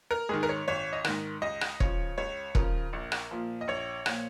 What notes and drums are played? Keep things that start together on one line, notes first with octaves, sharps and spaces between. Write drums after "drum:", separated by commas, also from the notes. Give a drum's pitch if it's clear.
A#4
G#2 D#3 G#4
A#4
C#5
G#1 C#5
D#5
G#2 D#3, drum: rim click
C#2 D#5
drum: rim click
C#3 F3 C#5, drum: kick E1
C#2 C#5
C#3 F3 A#4, drum: kick E1
A#1
drum: rim click
A#2 F3
D#5
A#1 C#5
A#2 F3, drum: rim click